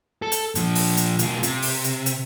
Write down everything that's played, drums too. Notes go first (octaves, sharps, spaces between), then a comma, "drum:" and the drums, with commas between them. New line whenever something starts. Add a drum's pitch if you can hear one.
A4
drum: hi-hat
A#2 F3, drum: hi-hat
drum: open hi-hat
drum: hi-hat
B1 F4, drum: hi-hat
C3, drum: hi-hat
drum: open hi-hat
drum: hi-hat
drum: hi-hat